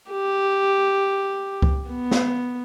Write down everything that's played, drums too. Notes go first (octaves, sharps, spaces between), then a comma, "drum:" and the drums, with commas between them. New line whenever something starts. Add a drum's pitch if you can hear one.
G4
drum: kick C#2
B3
drum: snare